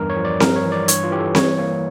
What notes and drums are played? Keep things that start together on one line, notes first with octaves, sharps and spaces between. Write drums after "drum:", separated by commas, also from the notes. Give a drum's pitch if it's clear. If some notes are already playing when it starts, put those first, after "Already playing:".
Already playing: E2 G2 A#4
C#5
F3
D5
G3 A#4, drum: snare C4
C#5
E3
D5
G2 C#5, drum: hi-hat
F4
E3 G4
A4
G3 C#5, drum: snare C4
A#3 C#5